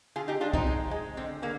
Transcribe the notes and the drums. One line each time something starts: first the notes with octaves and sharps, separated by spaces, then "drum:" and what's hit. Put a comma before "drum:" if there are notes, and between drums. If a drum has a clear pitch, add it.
D3 F4 G#4
D#4 G4
G#3 D4 F4
C4 D#4, drum: kick B1
G#3
G#3
D3 C4
D3 A#3